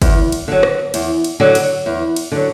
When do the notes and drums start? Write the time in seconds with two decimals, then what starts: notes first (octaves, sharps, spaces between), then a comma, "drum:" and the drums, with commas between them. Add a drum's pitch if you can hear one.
0.02 E2, drum: kick G1, cymbal
0.32 drum: cymbal
0.48 D3 F#3
0.63 drum: rim click
0.94 E2, drum: cymbal
1.24 drum: cymbal
1.40 D3 F#3
1.55 drum: cymbal
1.86 E2
2.16 drum: cymbal
2.32 D3 F#3